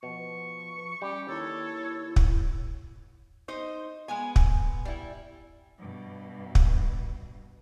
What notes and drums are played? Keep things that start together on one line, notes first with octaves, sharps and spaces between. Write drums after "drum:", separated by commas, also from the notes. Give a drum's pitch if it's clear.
B2 F3 C#6
G3 C#4 G4
D#2 E4 A4 C#5
drum: kick
D#4 C5 D#5
G#3 B3 G#5
drum: kick
G3 E4
G2 B2
drum: kick